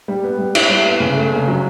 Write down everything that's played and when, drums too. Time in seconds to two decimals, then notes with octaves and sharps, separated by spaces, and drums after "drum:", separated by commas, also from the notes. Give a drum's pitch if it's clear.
0.08 G3
0.23 B3
0.38 G3
0.55 E4, drum: cymbal
0.70 G3
0.86 B3
1.00 C#3
1.17 A3
1.32 C#3
1.48 F#3